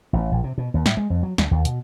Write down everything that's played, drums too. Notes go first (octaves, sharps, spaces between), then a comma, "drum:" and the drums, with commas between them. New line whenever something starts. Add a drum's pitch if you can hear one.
A1
A#1
C3
B2
D#2
A2, drum: snare
G#3
F2
F#3
D2, drum: snare
D#2
B2, drum: hi-hat